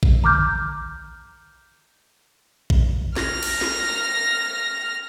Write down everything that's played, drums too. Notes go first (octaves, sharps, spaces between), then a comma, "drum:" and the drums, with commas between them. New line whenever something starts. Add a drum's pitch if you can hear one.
drum: kick A#1
A#5 D6 F6 G6, drum: tom D3
drum: kick A#1
F6 A#6, drum: snare
drum: cymbal
drum: snare